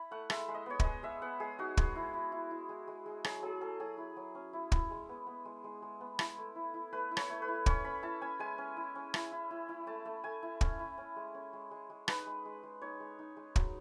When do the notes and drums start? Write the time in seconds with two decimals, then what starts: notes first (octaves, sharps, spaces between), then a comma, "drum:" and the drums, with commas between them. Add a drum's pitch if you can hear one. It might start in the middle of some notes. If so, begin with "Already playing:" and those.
Already playing: E4 B5
0.11 A3 F#5
0.30 G#3 E5, drum: rim click
0.48 G#3
0.54 D#5
0.66 B3 C#5
0.80 D#5, drum: kick
0.85 G#3
1.03 G#3 E5
1.22 B3 F#5
1.40 G#3 G#4
1.58 D#4 F#4
1.77 G#3 G#4, drum: kick
1.95 E4
2.14 E4
2.32 E4
2.51 E4
2.69 G#3
2.87 G#3
3.06 G#3
3.24 F#3 G#4, drum: rim click
3.42 F#3 G#4
3.61 F#3 A4
3.80 F#3 G#4
3.98 E4
4.16 F#3
4.35 C#4
4.53 E4
4.72 E4, drum: kick
4.91 G#3
5.09 B3
5.27 B3
5.45 G#3
5.64 G#3
5.82 G#3
6.01 B3
6.19 E4, drum: rim click
6.38 A3
6.56 E4
6.74 E4
6.92 A3 B4
7.11 E4
7.17 C#5, drum: rim click
7.30 A3
7.42 B4
7.48 E4
7.66 C#4 C#5, drum: kick
7.85 C#4 B5
8.02 E4 A5
8.22 C#4 G#5
8.39 G#3 G#5
8.58 C#4
8.77 E4
8.95 C#4
9.14 E4, drum: rim click
9.32 E4
9.51 E4
9.69 E4
9.87 A3 A5
10.05 A3
10.24 A3 G#5
10.43 E4
10.61 C#4, drum: kick
10.79 E4
10.98 C#4
11.16 G#3
11.34 C#4
11.53 G#3
11.71 G#3
11.90 G#3
12.08 D#4 B4, drum: rim click
12.27 G#3
12.45 G#3
12.63 G#3
12.82 D#4 C#5
13.00 G#3
13.19 D#4
13.37 G#3
13.56 F#3, drum: kick